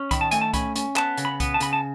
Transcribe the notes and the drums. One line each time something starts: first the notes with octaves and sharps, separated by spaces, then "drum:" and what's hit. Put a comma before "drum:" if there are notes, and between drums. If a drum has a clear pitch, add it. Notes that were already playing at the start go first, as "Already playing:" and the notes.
Already playing: C#4
D#3 B5, drum: kick C2, hi-hat
A5
A3 G#5, drum: hi-hat
A5
C#4 B5, drum: kick C2, hi-hat
C#4, drum: hi-hat
B3 A5, drum: clap
C#3, drum: hi-hat
B5
B3, drum: kick C2, hi-hat
A5
C#3 B5, drum: hi-hat
A5